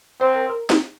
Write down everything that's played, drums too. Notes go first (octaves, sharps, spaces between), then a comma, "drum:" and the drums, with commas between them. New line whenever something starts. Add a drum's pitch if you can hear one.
C4 C5
A#4
A#4
drum: snare